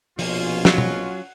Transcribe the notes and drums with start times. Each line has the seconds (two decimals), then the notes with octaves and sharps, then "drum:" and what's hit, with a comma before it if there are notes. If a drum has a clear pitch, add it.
0.19 A#1 B2 F3 C#4 F4, drum: open hi-hat
0.65 F#3, drum: snare
0.78 drum: tom B2